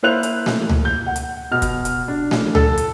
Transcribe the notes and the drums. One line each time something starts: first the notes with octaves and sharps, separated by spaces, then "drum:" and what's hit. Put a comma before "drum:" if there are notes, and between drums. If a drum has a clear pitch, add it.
A#3 E4 C5 F#6 F7
drum: hi-hat
drum: snare A3
drum: tom C#2
G6
F#5
drum: hi-hat
B2 F6
drum: kick E1, hi-hat
drum: hi-hat
D4
drum: snare A3
A4, drum: tom C#2
drum: hi-hat